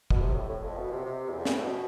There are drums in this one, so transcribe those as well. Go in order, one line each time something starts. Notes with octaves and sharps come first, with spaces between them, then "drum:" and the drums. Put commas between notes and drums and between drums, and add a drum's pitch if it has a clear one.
B2, drum: kick
C3
A2
A2
F2
B2
C3
C3
E2
F2
G2, drum: snare
A2
B2